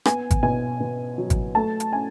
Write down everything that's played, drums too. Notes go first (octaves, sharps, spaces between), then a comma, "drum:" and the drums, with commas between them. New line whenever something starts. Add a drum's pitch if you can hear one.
B3 G#5, drum: rim click
drum: kick G#1, hi-hat
B2 G#5
B2
F#3
drum: kick G#1, hi-hat
A3 A5
drum: hi-hat
C#4 G#5